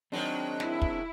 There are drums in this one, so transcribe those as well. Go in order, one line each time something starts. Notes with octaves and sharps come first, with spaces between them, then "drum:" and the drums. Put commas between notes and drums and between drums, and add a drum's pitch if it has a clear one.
D#3 F#3 G#3 C4 D4
E4, drum: snare
drum: kick